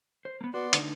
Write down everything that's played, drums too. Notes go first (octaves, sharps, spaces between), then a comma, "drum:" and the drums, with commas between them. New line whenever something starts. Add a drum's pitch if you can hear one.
C5
A#3 B3
B3 F#4 D5 C6
D3 A3 D#4, drum: hi-hat